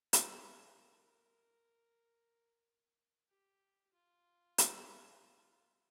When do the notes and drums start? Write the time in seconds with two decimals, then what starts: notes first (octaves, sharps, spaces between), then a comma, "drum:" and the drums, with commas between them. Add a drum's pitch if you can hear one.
0.13 A4, drum: hi-hat
0.76 A#4
3.29 G4
3.93 F4
4.58 drum: hi-hat